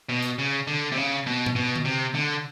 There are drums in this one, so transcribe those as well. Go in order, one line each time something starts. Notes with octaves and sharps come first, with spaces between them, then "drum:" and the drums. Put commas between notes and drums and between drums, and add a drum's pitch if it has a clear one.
B2
drum: hi-hat
C#3
D3
C3
C#3
B2
drum: tom G#2
B2
drum: tom D3
C3
D3